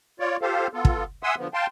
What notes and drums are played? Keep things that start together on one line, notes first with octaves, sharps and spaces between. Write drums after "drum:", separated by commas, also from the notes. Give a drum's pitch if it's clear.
F4 C#5 D5
F4 G4 A4 C5 F5
B3 F4 A4
drum: kick
E5 F#5 G#5 C6 D#6 E6
D3 F3 B3
F5 G5 A5 C6